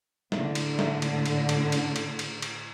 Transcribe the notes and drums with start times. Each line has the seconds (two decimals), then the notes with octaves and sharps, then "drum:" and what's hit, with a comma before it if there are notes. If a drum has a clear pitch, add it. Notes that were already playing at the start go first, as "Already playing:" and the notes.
0.32 A2 D3, drum: snare
0.55 drum: cymbal
0.79 drum: snare
1.02 drum: cymbal
1.26 drum: cymbal
1.49 drum: cymbal
1.72 drum: cymbal
1.96 drum: cymbal
2.19 drum: cymbal
2.42 drum: cymbal